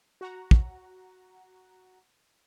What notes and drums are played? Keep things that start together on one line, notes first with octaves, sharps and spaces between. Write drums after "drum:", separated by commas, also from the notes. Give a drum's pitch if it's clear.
F#4 F#5 A#5
drum: kick